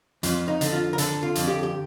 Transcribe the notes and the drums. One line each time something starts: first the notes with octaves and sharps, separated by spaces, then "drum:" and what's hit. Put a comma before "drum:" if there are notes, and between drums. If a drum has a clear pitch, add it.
F2 F4, drum: hi-hat
D#4
D3, drum: hi-hat
F4
A#4
D3 A4, drum: hi-hat
F4
F2, drum: hi-hat
G4
G4